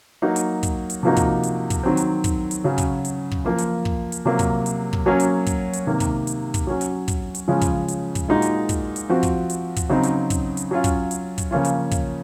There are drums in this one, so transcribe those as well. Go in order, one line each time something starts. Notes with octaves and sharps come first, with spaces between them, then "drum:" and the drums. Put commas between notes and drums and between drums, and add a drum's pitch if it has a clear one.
F#3 A#3 D#4 F#4
drum: hi-hat
drum: kick, hi-hat
drum: hi-hat
C3 F3 A#3 D#4 F#4
drum: kick, hi-hat
drum: hi-hat
drum: kick, hi-hat
D#3 F#3 C4
drum: hi-hat
drum: kick, hi-hat
drum: hi-hat
C#3 F#3 C#4 F#4
drum: kick, hi-hat
drum: hi-hat
drum: kick
F3 A#3 F4
drum: hi-hat
drum: kick
drum: hi-hat
C3 F#3 A#3 F4
drum: kick, hi-hat
drum: hi-hat
drum: kick
F#3 A#3 C#4 F#4
drum: hi-hat
drum: kick, hi-hat
drum: hi-hat
C3 D#3 A#3
drum: kick, hi-hat
drum: hi-hat
drum: kick, hi-hat
F#3 C#4 F#4
drum: hi-hat
drum: kick, hi-hat
drum: hi-hat
C#3 F3 G#3 C#4
drum: kick, hi-hat
drum: hi-hat
drum: kick, hi-hat
A#2 G#3 D#4 F#4
drum: hi-hat
drum: kick, hi-hat
drum: hi-hat
F3 C4 F#4
drum: kick, hi-hat
drum: hi-hat
drum: kick, hi-hat
C#3 F#3 C4 D#4
drum: hi-hat
drum: kick, hi-hat
drum: hi-hat
F#3 C#4 F4
drum: kick, hi-hat
drum: hi-hat
drum: kick, hi-hat
C#3 F3 A#3 C#4 F4
drum: hi-hat
drum: kick, hi-hat